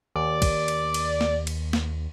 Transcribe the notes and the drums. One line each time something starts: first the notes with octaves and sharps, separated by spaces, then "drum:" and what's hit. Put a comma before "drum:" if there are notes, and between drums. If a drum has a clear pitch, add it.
D#2 D5
drum: kick, cymbal
drum: cymbal
drum: cymbal
drum: snare
drum: cymbal
drum: snare